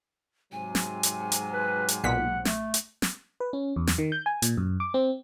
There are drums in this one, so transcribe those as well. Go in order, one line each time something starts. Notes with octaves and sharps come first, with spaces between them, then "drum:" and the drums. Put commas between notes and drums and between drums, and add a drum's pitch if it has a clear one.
G#2 C3 F#3 G#5
drum: snare
drum: hi-hat
drum: hi-hat
B4
drum: hi-hat
B1 A#2 F#5 B6
A3, drum: snare
drum: hi-hat
drum: snare
B4
C#4
E2
drum: snare
D#3
G6
G#5
A#2, drum: hi-hat
F#2
D6
C4